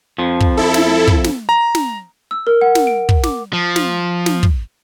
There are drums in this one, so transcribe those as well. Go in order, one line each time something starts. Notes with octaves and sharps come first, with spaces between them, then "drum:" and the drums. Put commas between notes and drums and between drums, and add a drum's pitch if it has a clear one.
F2 F3
drum: kick
E4 A4
drum: snare
drum: kick
drum: snare
A#5
drum: snare
E6
A#4
F#5
drum: snare
D7
drum: kick
D6, drum: snare
F3
drum: snare
drum: snare
drum: kick